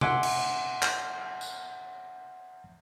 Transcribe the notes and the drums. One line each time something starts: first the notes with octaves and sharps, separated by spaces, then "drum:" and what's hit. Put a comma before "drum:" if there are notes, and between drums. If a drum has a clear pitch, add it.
E5 F#5 G#5 C6 D6, drum: tom C3
drum: cymbal
drum: clap
drum: tambourine